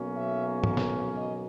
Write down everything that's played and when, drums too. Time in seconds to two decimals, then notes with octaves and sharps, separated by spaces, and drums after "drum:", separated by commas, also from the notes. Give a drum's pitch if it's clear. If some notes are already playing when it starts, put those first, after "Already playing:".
Already playing: B1 B2 A#3 C#4
0.17 E5
0.64 drum: tom G#2
0.77 drum: snare
1.17 D#5